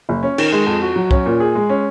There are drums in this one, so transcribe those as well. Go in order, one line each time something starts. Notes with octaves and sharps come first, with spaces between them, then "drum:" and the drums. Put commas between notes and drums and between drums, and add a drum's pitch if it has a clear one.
F#1
C#4
D#3, drum: cymbal
G#3
F2
F#4
F#3
C#4, drum: kick
A#2
G#4
G#3
C#4